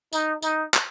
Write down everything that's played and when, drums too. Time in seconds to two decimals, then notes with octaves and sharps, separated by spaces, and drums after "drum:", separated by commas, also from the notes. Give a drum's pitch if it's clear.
0.13 D#4, drum: tambourine
0.42 D#4, drum: tambourine
0.74 drum: clap